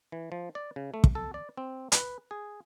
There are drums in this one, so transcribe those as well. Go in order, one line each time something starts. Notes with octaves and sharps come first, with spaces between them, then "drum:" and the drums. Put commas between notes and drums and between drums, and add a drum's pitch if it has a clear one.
E3
F3
D5
C#3
A3
drum: kick
A4
D5
C4
B4, drum: hi-hat
G#4